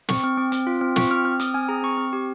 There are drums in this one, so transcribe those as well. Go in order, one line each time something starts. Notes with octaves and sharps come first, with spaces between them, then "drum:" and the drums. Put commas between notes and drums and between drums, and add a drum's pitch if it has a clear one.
C4 C#6, drum: snare
C4
C4
C4, drum: hi-hat
F4
C4
F4 C#6, drum: snare
C4 F6
C4 F6
C4 D#6, drum: hi-hat
C4 G#5
G#4 A#5
C4 C#6
C4
G4